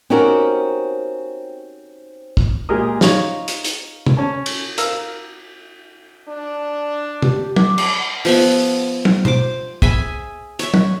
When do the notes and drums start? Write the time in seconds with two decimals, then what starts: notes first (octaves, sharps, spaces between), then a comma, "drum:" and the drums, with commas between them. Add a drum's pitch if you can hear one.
0.10 C4 C#4 D#4 F#4 G4 A#4
2.37 drum: kick
2.69 A#2 G#3 G4 G#4 A#4 D#6
3.01 D#4 F4 C#5, drum: snare
3.48 drum: hi-hat
3.64 drum: hi-hat
4.07 drum: tom
4.17 C#4 A5
4.46 drum: cymbal
4.78 A#4 F5 E6, drum: hi-hat
6.28 D4
7.22 G4, drum: tom
7.56 D6, drum: tom
7.78 drum: cymbal
8.25 F3 B3 E5, drum: open hi-hat
9.05 drum: tom
9.25 C5 D6, drum: tom B2
9.82 G#4 E5 G#5 B5, drum: kick
10.59 C#5 E5, drum: hi-hat
10.74 drum: tom